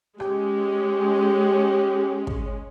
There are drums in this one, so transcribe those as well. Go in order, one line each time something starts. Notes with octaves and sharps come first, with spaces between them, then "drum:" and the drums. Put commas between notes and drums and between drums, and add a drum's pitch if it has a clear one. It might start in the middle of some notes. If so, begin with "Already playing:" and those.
G#3 C#4 G4, drum: rim click
drum: kick